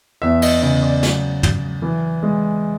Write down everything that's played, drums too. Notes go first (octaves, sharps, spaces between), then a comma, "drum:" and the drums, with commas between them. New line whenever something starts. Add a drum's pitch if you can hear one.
E2 E5
D#5, drum: cymbal
C#3 D#5
D5
F#3, drum: snare
F#3, drum: tom
E3
G#3